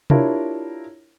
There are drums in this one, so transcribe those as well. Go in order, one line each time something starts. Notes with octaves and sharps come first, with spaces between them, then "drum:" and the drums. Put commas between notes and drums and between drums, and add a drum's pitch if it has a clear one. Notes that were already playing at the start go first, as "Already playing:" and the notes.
D4 E4 F4 G4 A#4 C#5, drum: tom C3